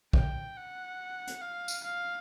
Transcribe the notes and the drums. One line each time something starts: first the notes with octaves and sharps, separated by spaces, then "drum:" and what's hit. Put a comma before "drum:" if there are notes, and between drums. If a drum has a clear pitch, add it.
G5, drum: kick
F#5
drum: hi-hat
F5
drum: tambourine
F5